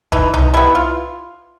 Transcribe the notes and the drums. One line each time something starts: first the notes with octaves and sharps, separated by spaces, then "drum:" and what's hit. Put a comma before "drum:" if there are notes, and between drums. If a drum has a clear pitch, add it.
E3 D#4, drum: kick
D#4, drum: tom C2
G3 B3 E4
F4